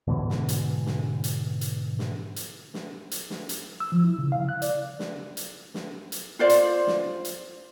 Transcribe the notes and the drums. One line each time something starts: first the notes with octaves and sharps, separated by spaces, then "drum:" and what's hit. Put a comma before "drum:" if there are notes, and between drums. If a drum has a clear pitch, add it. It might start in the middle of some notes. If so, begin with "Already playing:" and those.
G#2 B2 D3 E3
drum: snare
drum: hi-hat
drum: snare
drum: hi-hat
drum: hi-hat
drum: snare
drum: hi-hat
drum: snare
drum: hi-hat
drum: snare
drum: hi-hat
E6
F3
E4
C#3
F5
F#6
D5, drum: hi-hat
drum: snare
drum: hi-hat
drum: snare
drum: hi-hat
F4 C5 D5
drum: hi-hat
drum: snare
drum: hi-hat